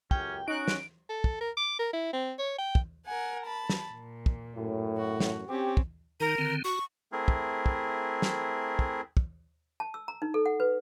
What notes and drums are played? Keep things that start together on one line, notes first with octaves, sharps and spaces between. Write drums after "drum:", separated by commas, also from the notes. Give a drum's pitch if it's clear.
C#2 F#2 C#4 G4 G5, drum: kick
C#4 D#4 F#4 F#6 D7
drum: snare
A4
drum: kick
A#4
D6
A#4
E4
C4
C#5
G5
drum: kick
A#4 F#5 G#5
A5 B5
drum: snare
A#2
drum: kick
F#2 A2
F#4
drum: snare
C4 C#4 G4
drum: kick
D#3 D#4 A#4
D3 D#3 C4
F#4 C#6
A3 C4 E4 G#4 A#4
drum: kick
drum: kick
drum: snare
drum: kick
drum: kick
A5
E6
A#5
D#4
A4
F#5
B4